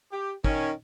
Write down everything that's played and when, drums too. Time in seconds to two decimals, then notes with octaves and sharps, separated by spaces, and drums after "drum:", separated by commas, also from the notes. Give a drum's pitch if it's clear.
0.12 G4
0.44 D#3 C#4, drum: kick